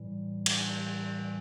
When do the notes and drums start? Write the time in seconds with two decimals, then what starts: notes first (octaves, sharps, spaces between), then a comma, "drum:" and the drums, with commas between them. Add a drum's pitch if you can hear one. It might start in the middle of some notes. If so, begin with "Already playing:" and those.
Already playing: A2 E3 G3
0.46 drum: cymbal